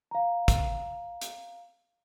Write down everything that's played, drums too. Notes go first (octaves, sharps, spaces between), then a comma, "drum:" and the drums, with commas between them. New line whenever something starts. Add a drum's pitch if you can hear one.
F5 A#5
drum: kick, hi-hat
drum: hi-hat